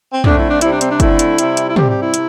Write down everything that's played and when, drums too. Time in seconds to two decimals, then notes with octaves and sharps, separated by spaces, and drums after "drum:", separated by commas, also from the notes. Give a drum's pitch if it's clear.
0.13 C4
0.24 D3 A3 C4 D4, drum: tom
0.36 E4
0.50 D4
0.61 C3 G3 C4 E4, drum: hi-hat
0.72 D4
0.81 C4, drum: hi-hat
0.90 D4
1.00 D3 A3 C4 E4, drum: kick F#1, hi-hat
1.19 drum: hi-hat
1.38 C3 G3 C4, drum: hi-hat
1.57 drum: hi-hat
1.68 E4
1.76 C3 G3 C4 G4, drum: tom
1.89 G4
2.01 E4
2.14 C3, drum: hi-hat